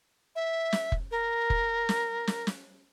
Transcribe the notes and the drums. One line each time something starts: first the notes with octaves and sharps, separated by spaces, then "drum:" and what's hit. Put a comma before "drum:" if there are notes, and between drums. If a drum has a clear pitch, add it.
E5
drum: snare
drum: kick F1
A#4
drum: kick F1
drum: snare
drum: snare
drum: snare